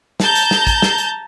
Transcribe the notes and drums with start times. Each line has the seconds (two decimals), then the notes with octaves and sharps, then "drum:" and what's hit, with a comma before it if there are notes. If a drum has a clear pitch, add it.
0.20 A5 A#5 G6, drum: snare
0.35 drum: hi-hat
0.51 drum: snare
0.67 drum: kick, hi-hat
0.82 drum: snare
0.98 drum: hi-hat